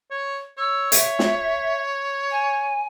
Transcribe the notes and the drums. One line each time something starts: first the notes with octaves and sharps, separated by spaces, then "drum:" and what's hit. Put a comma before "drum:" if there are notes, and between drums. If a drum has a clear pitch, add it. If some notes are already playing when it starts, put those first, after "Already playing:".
C#5
C#5 E6
E5, drum: hi-hat
drum: snare
G#5